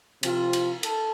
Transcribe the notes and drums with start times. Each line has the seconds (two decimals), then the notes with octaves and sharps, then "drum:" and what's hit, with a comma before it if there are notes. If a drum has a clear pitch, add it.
0.23 C3 F3 C4 F4, drum: cymbal
0.53 drum: cymbal
0.83 A4, drum: cymbal